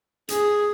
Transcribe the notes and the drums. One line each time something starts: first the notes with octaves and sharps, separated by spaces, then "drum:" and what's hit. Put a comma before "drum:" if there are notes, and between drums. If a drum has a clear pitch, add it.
G#4, drum: hi-hat